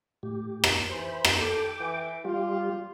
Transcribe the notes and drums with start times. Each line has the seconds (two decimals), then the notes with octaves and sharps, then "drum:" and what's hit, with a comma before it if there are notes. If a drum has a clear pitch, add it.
0.23 A2 G4
0.64 drum: rim click
0.90 E3 C5 B5
1.25 drum: rim click
1.38 A4 G5 D6
1.80 E3
2.25 G3 F4 G4